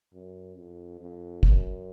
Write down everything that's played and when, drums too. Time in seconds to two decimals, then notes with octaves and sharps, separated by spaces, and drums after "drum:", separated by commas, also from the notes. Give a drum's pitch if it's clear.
0.14 F#2
0.57 F2
1.00 F2
1.43 F#2, drum: kick